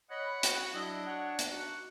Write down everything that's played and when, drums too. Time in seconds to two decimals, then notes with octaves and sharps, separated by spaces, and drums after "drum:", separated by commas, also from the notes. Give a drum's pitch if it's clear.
0.11 C#5 D#5 F#5 B5
0.43 F#4, drum: hi-hat
0.74 F#3 D4 E4 D#5
1.07 C#5 F#5
1.39 drum: hi-hat
1.51 D4 D#4 F#4 F#5